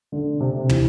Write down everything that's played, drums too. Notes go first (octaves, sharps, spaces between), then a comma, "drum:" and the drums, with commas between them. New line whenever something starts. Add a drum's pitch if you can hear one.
D3
C3
E3, drum: tom